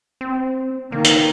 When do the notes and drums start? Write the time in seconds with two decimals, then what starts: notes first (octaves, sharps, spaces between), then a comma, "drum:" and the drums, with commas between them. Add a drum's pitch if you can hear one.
0.21 C4
0.92 D#3 A#3
1.05 drum: hi-hat